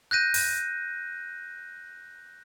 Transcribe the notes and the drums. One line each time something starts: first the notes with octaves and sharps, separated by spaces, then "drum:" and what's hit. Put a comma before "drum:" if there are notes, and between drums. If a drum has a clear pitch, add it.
F#6 G6 A#6 D#7
drum: open hi-hat